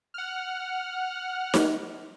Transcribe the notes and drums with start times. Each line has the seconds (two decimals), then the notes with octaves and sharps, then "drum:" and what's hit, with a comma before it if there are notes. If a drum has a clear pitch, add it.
0.14 F#5 F6
1.54 drum: snare D#4